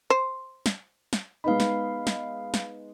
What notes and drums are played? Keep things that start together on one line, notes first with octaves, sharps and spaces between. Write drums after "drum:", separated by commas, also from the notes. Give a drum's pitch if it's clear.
C5
drum: snare
drum: snare
G#3 B3 D#4 F5 B5
drum: snare
drum: snare
drum: snare